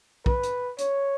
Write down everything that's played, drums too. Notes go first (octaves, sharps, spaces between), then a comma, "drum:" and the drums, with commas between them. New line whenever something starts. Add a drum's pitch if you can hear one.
B4, drum: kick
drum: hi-hat
C#5, drum: hi-hat